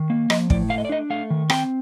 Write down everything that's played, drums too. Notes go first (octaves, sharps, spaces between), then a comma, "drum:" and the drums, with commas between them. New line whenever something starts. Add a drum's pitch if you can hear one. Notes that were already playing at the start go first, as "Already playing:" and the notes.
Already playing: D#3
A#3
F3 D#5, drum: rim click
A2 D5, drum: kick
A3 F5
D#5
D5
D4 D#5
A3 F5
D#3
C4 G5, drum: rim click